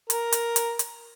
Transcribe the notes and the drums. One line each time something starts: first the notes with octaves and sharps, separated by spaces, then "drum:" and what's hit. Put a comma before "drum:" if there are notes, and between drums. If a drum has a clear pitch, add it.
A#4, drum: hi-hat
drum: hi-hat
drum: hi-hat
drum: hi-hat